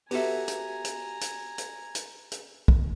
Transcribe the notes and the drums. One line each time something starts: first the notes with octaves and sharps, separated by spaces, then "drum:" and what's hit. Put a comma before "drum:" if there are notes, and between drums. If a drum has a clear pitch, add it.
B3 F#4 G4 A4 E5 G#5 A#5, drum: open hi-hat
drum: hi-hat
drum: hi-hat
drum: hi-hat
drum: hi-hat
drum: hi-hat
drum: hi-hat
drum: kick